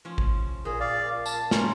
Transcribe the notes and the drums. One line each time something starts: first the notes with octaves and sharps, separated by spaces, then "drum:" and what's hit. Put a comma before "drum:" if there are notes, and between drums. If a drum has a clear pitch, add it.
F3 C#4
drum: kick A1
A#2 G#4
D5 F5
A5, drum: tambourine
C#4 F4 A#4 C#5, drum: snare